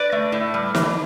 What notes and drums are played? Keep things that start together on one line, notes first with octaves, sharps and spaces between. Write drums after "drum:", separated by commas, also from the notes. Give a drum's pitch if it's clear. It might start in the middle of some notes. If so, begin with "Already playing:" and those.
Already playing: B4 D5
A3
A2
G3
E3, drum: snare